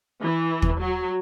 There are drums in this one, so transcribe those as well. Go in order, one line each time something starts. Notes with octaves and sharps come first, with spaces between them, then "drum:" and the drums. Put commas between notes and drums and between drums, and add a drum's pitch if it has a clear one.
E3
drum: kick
F#3